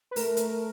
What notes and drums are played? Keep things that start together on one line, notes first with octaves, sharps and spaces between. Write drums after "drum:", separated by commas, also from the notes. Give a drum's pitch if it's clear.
B4
A3 A#4, drum: open hi-hat
drum: hi-hat